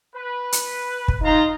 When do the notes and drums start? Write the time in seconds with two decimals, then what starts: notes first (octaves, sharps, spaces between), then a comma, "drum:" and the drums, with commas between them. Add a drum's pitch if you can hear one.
0.15 B4
0.52 drum: hi-hat
1.08 drum: kick
1.24 D#4 F4 A#5 C6